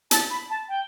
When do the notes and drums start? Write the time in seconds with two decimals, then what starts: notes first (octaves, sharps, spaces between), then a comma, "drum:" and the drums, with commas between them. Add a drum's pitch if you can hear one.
0.11 A5, drum: hi-hat
0.30 B5
0.50 A5
0.69 G5